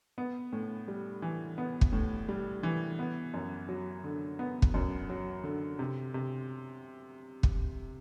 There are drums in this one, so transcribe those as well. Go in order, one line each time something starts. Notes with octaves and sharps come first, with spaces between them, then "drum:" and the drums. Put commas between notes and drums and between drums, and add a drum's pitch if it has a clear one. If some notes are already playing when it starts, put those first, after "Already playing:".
B3
A2
G3
E3
B3
drum: kick
A2
G3
E3
B3
F#2
F#3
D3
B3
drum: kick
F#2
F#3
D3
C3
C3
drum: kick